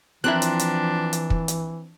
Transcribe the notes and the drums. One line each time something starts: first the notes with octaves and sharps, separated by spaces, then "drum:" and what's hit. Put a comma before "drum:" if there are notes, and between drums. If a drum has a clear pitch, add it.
E3 F3 C4 D4 E4 A#4 F#6
drum: hi-hat
drum: hi-hat
drum: hi-hat
drum: kick
drum: hi-hat